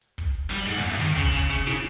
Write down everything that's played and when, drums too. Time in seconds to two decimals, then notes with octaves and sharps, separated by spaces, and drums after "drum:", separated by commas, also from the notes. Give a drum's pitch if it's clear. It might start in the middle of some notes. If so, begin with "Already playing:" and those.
0.01 drum: hi-hat
0.18 drum: kick, open hi-hat
0.34 drum: hi-hat
0.51 G3, drum: hi-hat
0.67 G#2
0.78 E2
0.90 G2
1.00 D#3, drum: hi-hat
1.16 C#3, drum: kick, hi-hat
1.33 C#3, drum: kick, hi-hat
1.50 C#3, drum: hi-hat
1.67 C#3, drum: snare